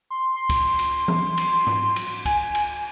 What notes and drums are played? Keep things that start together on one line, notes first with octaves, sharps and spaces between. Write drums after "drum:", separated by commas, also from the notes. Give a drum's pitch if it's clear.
C6
C6
drum: kick, cymbal
drum: cymbal
drum: tom E3
drum: cymbal
drum: tom
drum: cymbal
G#5, drum: kick, cymbal
drum: cymbal